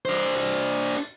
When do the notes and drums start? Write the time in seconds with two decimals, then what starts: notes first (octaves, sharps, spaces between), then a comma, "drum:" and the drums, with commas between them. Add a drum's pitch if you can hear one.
0.05 D4 C5
0.35 drum: hi-hat
0.95 drum: hi-hat